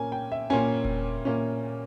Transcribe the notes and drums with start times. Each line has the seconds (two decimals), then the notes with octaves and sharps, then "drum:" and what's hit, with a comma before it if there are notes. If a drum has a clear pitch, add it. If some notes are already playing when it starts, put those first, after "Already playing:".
Already playing: A#2 A#3 C#4 G#5
0.12 G5
0.32 E5
0.50 A#2 A#3 C#4 G#5
0.85 drum: kick E1
1.25 A#2 A#3 C#4